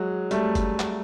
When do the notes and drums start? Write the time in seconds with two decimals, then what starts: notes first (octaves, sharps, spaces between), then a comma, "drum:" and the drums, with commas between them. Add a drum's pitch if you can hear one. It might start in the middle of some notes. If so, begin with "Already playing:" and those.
Already playing: F#3 G#3
0.31 G3 A3, drum: hi-hat
0.55 drum: kick F#1, hi-hat
0.80 drum: clap